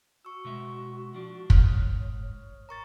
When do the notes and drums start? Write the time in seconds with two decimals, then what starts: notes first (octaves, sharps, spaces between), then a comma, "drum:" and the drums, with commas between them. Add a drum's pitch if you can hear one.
0.25 F#4 C#6 E6
0.45 B2 G#3 E5
1.14 F3 D4
1.50 G#2 C#5 D#6 F6 F#6, drum: kick
2.21 C#5
2.69 A#4 A#5 C#6 A6